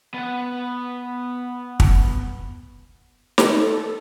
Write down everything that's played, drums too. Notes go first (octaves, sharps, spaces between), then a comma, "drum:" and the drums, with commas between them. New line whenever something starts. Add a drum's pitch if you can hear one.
B3 F#5
drum: kick
drum: snare
A4